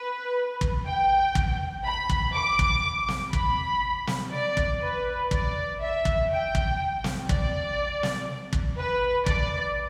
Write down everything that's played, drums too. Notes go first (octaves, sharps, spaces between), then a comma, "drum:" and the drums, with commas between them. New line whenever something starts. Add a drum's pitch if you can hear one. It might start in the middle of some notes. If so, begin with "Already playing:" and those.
Already playing: B4
drum: kick
G5
drum: kick
B5
drum: kick
D6
drum: kick
drum: snare
B5, drum: kick
drum: snare
D5
drum: kick
B4
D5, drum: kick
E5
drum: kick
G5
drum: kick
drum: snare
D5, drum: kick
drum: snare
drum: kick
B4
D5, drum: kick